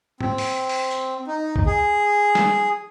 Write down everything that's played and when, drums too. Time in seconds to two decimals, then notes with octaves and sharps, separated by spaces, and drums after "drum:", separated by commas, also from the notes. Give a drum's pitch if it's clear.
0.21 C4, drum: tom G#2
0.38 drum: open hi-hat
0.69 drum: open hi-hat
0.91 drum: tambourine
1.27 D#4
1.56 drum: kick A#1
1.66 G#4
2.35 drum: snare